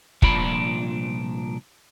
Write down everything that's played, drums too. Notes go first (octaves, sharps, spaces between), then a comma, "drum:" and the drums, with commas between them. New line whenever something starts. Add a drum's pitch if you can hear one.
C2 A#2 F3 D4 B5, drum: kick